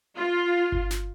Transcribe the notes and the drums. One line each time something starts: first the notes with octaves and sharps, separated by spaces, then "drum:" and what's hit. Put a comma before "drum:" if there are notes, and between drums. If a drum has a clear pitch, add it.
F4
drum: kick G1
drum: snare